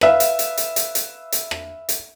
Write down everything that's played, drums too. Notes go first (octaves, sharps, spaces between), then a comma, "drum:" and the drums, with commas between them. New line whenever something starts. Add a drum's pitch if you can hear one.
B4 E5 F5, drum: rim click
drum: hi-hat
drum: hi-hat
drum: hi-hat
drum: hi-hat
drum: hi-hat
drum: hi-hat
drum: rim click
drum: hi-hat